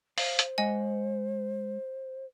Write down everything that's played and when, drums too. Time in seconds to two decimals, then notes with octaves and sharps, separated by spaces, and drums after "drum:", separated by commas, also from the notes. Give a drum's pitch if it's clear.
0.18 C5 F5, drum: open hi-hat
0.39 drum: hi-hat
0.58 G#3 D#5 F#5 G#5